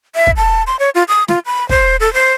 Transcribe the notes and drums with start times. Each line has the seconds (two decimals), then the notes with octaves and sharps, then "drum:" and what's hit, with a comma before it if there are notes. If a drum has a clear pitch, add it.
0.15 E5
0.27 drum: kick
0.37 A5
0.67 C6
0.79 C#5
0.95 F4
1.08 D#6
1.28 F4, drum: snare
1.46 B5
1.69 C5, drum: kick
2.00 A4
2.14 C5